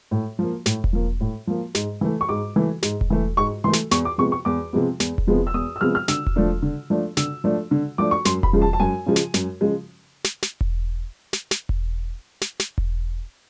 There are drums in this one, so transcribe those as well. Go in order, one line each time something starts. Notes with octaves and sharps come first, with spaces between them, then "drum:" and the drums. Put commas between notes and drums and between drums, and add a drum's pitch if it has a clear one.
A2
F3 A#3
A2, drum: snare
drum: kick E1
F3 A#3
A2
F3 A#3
G#2, drum: snare
E3 A3
C#6
G#2 D6
E3 A3
G#2, drum: snare
drum: kick E1
E3 A3
G#2 C#6
E3 A3 C6
drum: snare
E2 C#6, drum: snare
D6
C3 F3 G#3 B3 C#6
C#6
E2 D6
C3 F3 G#3 B3
E2, drum: snare
drum: kick E1
C3 F3 G#3 B3
E6
E2 D#6
E6
C3 F3 G#3 B3 F6
F6
D3 E6, drum: snare
drum: kick E1
F3 A3 D4
D3
F3 A3 D4
D3 E6, drum: snare
F3 A3 D4
D3
F3 A3 D4 D6
C#6
F#2 C6, drum: snare
B5, drum: kick E1
C#3 F3 G#3
A5
A5
F#2 G#5
C#3 F3 G#3
drum: snare
F#2, drum: snare
C#3 F3 G#3
drum: snare
drum: snare
drum: kick E1
drum: snare
drum: snare
drum: kick E1
drum: snare
drum: snare
drum: kick E1